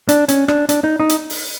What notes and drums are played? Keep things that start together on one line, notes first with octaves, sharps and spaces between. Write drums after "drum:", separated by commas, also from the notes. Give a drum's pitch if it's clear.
D4, drum: hi-hat
C#4, drum: hi-hat
D4, drum: rim click
D4, drum: hi-hat
D#4
D#4
drum: hi-hat
drum: open hi-hat